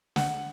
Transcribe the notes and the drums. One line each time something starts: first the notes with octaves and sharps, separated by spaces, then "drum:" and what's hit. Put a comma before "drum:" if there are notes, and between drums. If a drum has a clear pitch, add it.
F#5, drum: snare